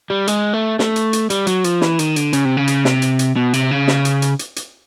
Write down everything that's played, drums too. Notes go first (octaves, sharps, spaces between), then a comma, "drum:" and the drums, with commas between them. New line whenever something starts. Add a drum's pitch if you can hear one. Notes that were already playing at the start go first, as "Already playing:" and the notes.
G3
G#3, drum: hi-hat
A3
A3, drum: snare
drum: hi-hat
drum: hi-hat
G3, drum: hi-hat
F#3, drum: hi-hat
F3, drum: hi-hat
E3, drum: snare
D#3, drum: hi-hat
D3, drum: hi-hat
C#3, drum: hi-hat
C3
C#3
drum: hi-hat
C3, drum: snare
drum: hi-hat
drum: hi-hat
B2
C3, drum: hi-hat
C#3
drum: snare
drum: hi-hat
drum: hi-hat
drum: hi-hat
drum: hi-hat